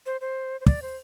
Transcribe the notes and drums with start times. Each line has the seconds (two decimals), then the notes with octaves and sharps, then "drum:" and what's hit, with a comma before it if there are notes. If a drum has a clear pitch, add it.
0.06 C5
0.21 C5
0.61 C5
0.66 D5, drum: kick
0.82 C5